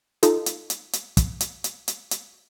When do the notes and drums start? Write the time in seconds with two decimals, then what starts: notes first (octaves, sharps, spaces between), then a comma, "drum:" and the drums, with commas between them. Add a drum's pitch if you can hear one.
0.23 D#4 F4 A4, drum: hi-hat
0.46 drum: hi-hat
0.70 drum: hi-hat
0.93 drum: hi-hat
1.17 drum: kick, hi-hat
1.41 drum: hi-hat
1.64 drum: hi-hat
1.88 drum: hi-hat
2.11 drum: hi-hat